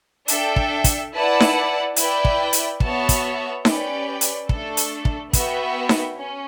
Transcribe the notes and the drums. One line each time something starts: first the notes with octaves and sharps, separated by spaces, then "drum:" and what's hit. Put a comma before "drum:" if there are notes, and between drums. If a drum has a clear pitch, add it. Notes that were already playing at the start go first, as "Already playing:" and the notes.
D4 A4 E5 G5, drum: hi-hat
drum: kick
drum: kick, hi-hat
E4 B4 D5 F#5 A5
drum: snare D#4
E4 B4 D5 G5, drum: hi-hat
drum: kick
drum: hi-hat
B3 F#4 C#5 E5 A5, drum: kick
drum: kick, hi-hat
C#4 G4 B4 D5 G5, drum: snare D#4
drum: hi-hat
A3 D4 A4, drum: kick
drum: hi-hat
drum: kick
B3 F#4 B4 E5 G5, drum: kick, hi-hat
drum: snare D#4
C#4